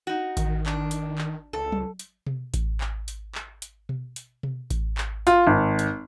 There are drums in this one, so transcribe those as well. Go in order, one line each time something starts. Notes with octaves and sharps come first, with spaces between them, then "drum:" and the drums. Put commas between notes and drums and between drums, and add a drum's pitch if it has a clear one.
D#4 F#4
D#3, drum: kick A1, hi-hat
D4, drum: clap
drum: hi-hat
drum: clap
C#2 A4
drum: tom F#3
drum: hi-hat
drum: tom B2
drum: kick A1, hi-hat
drum: clap
drum: hi-hat
drum: clap
drum: hi-hat
drum: tom B2
drum: hi-hat
drum: tom B2
drum: kick A1, hi-hat
drum: clap
F4, drum: hi-hat
G#1
drum: hi-hat